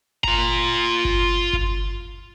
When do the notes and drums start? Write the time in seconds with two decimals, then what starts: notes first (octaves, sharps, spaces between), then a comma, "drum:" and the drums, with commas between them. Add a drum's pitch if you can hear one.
0.24 F4 A#5, drum: kick G1
1.05 drum: kick G1
1.53 drum: kick G1